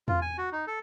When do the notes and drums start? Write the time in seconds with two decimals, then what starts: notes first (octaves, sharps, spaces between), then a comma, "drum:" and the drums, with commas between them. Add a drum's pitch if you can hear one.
0.08 F4, drum: tom E2
0.22 G#5
0.38 F#4
0.52 D#4
0.67 A4